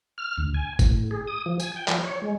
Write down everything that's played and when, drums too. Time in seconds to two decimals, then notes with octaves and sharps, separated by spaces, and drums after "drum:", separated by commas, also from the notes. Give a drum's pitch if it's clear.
0.18 F6
0.38 D2
0.54 G#5
0.79 A2, drum: kick, tambourine
1.11 G#4
1.27 D#6
1.46 F3
1.60 G#5, drum: tambourine
1.76 G5
1.88 F3, drum: clap
2.03 C#5
2.22 G#3